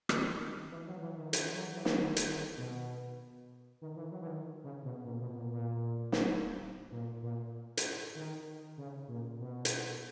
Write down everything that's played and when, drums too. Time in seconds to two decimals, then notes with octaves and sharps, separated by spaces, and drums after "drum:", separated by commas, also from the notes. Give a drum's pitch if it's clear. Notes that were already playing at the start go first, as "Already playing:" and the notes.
0.09 D#3, drum: rim click
0.71 E3
0.87 F#3
1.02 E3
1.17 D#3
1.33 E3, drum: hi-hat
1.54 F#3
1.75 E3
1.85 drum: snare
1.94 D#3
2.16 drum: hi-hat
2.26 D#3
2.57 B2
3.81 D#3
3.96 E3
4.12 F#3
4.21 E3
4.27 D#3
4.64 C#3
4.84 B2
5.05 A#2
5.21 B2
5.36 A#2
5.52 A#2
6.12 drum: snare
6.91 A#2
7.23 A#2
7.77 drum: hi-hat
8.15 D#3
8.78 C#3
9.08 A#2
9.39 B2
9.65 drum: hi-hat